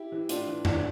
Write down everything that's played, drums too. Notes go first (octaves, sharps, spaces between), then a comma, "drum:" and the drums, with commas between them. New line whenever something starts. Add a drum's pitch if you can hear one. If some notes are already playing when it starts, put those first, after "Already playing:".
Already playing: E4 G4
E3
A2 D4 F4, drum: hi-hat
E3
E2 D4, drum: tom F#2